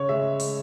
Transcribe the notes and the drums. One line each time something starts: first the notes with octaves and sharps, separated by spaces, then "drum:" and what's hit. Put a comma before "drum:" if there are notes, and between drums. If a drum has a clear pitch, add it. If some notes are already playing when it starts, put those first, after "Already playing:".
Already playing: C#3 C#5
G#3 E5
drum: open hi-hat